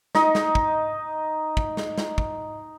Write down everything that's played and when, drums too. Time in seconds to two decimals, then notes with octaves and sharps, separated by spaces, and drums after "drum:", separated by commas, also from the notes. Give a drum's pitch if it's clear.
0.15 D#4 D#5, drum: snare
0.35 drum: snare
0.55 drum: kick
1.57 drum: kick
1.77 drum: snare
1.98 drum: snare
2.18 drum: kick